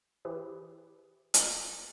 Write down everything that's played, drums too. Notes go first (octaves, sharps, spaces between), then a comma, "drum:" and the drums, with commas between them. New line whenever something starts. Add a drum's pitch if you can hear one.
E3 E4 G4 G#4 B4 C5
drum: hi-hat